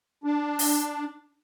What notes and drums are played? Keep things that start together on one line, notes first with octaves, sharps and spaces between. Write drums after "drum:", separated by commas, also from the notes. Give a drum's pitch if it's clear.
D4
drum: open hi-hat